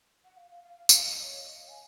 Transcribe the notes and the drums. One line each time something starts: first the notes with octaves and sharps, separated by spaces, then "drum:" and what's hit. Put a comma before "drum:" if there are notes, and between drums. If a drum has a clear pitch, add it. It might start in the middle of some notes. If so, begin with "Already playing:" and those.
F#5
F5
F5
F5
F5
F5, drum: tambourine
D#5
D#5
C#5
D#5
F5
G#5